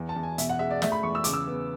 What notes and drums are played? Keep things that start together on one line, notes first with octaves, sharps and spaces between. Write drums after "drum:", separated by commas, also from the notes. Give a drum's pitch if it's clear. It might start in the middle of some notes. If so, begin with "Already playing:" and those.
Already playing: E2
A5
E2
G#5
B2 E5, drum: hi-hat
F#5
G#3 E5
D5
A3 E5, drum: snare
B5
E2 C#6
E6
C#3 D6, drum: hi-hat
E6
B3